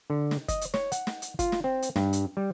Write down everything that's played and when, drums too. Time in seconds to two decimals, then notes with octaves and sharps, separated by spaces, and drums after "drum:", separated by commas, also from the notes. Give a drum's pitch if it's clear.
0.10 D3
0.31 drum: snare
0.48 D#5, drum: kick, hi-hat
0.61 drum: hi-hat
0.74 C#5, drum: snare
0.92 F#5, drum: hi-hat
1.07 drum: snare
1.22 drum: hi-hat
1.39 F4, drum: kick, hi-hat
1.52 drum: snare
1.64 C4
1.82 drum: hi-hat
1.96 G2, drum: snare
2.13 drum: hi-hat
2.37 G3